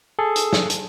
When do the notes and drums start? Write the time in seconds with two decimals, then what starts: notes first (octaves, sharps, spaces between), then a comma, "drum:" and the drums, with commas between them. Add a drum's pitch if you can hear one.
0.19 G#4 A4
0.36 drum: hi-hat
0.53 drum: snare
0.70 drum: hi-hat